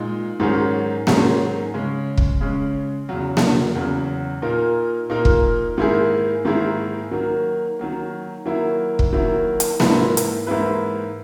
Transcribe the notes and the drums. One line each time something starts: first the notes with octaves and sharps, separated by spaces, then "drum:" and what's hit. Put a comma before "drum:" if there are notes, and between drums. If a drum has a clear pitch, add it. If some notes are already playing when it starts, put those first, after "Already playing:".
Already playing: A#2 G#3 D#4
G#2 D#3 F#3 C#4 G#4
G#2 D#3 F#3 C#4 G#4, drum: snare A#3
C#3 G#3 C#4
drum: kick
C#3 G#3 C#4
E2 C#3 F#3
drum: snare A#3
E2 C#3 F#3
A#2 A#3 D#4 A#4
A#2 A#3 D#4 A#4
drum: kick
G#2 D#3 A#3 E4 G#4
G#2 D#3 A#3 E4 G#4
D#3 F#3 A#3
D#3 F#3 A#3
D#3 F#3 A#3 E4
drum: kick
D#3 F#3 A#3 E4
drum: hi-hat
G#2 E3 A#3 E4 B4, drum: snare A#3
drum: hi-hat
G#2 E3 A#3 E4 B4